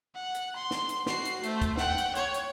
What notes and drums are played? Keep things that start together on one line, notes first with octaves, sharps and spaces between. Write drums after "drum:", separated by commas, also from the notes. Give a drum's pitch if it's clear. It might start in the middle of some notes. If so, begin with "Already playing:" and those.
F#5
drum: hi-hat
C6
drum: snare
drum: hi-hat
F#4 C7, drum: snare
drum: hi-hat
A3 C5, drum: hi-hat
drum: kick, hi-hat
F#5 G5, drum: snare
drum: hi-hat
C#5, drum: hi-hat
drum: hi-hat